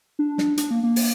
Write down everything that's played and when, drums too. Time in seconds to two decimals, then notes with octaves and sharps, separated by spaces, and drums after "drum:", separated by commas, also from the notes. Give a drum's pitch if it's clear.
0.19 D4
0.38 drum: snare
0.57 D4, drum: hi-hat
0.71 A#3
0.83 A#3
0.96 drum: open hi-hat